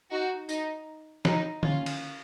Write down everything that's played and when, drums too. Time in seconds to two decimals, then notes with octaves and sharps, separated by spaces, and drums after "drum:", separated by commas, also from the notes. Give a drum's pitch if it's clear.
0.11 D#4 F#4
0.49 D#4, drum: tambourine
1.25 D#4, drum: snare
1.63 C#4 F4, drum: tom D3
1.86 drum: cymbal